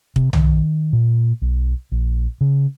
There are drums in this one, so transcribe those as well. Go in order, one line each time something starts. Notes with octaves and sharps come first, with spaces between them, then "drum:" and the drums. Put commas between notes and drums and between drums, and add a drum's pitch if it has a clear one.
C3, drum: kick
D#3, drum: tom B1
A#2
B1
A#1
C#3